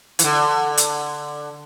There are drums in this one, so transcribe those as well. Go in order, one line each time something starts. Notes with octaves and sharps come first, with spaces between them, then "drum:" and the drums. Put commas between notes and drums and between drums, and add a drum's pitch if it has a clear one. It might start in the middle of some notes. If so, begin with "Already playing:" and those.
E3, drum: hi-hat
D3
drum: hi-hat